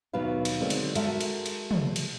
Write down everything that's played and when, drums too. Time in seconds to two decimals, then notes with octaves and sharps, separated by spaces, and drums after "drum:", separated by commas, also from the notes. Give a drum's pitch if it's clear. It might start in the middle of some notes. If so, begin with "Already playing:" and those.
0.13 D#2 B2 F#3 B4 F5
0.45 drum: cymbal
0.60 D3 D#3 F#3 G#3 C4
0.70 drum: cymbal
0.95 G#3 F#4 A4 A#4 E5 F#5, drum: cymbal
1.21 drum: cymbal
1.46 drum: cymbal
1.71 drum: tom
1.96 drum: cymbal